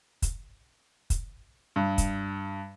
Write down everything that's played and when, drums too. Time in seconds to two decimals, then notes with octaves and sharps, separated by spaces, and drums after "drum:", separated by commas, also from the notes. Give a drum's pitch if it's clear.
0.22 drum: kick, hi-hat
1.10 drum: kick, hi-hat
1.76 G2
1.98 drum: kick, hi-hat